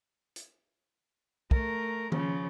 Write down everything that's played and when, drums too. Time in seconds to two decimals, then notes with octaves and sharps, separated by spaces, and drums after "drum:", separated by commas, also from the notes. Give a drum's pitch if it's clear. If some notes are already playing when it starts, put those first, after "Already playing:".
0.36 drum: hi-hat
1.51 A3 A#4, drum: kick
2.12 C#3 F3, drum: tom D#3